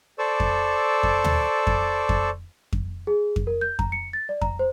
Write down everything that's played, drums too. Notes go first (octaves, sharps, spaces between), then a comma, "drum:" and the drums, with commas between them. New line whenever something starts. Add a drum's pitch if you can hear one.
A4 C5 D5 C#6 D6 E6
drum: kick F2
drum: kick F2
drum: tom
drum: kick F2
drum: kick F2
drum: kick F2
G#4
drum: kick F2
A#4
G6
A#5, drum: kick F2
C#7
A6
D5
A#5, drum: kick F2
C5